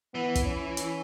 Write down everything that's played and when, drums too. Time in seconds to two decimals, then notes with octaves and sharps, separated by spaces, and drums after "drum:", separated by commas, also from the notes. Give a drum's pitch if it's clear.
0.14 E3 B3
0.35 drum: kick, hi-hat
0.46 C#4
0.77 drum: hi-hat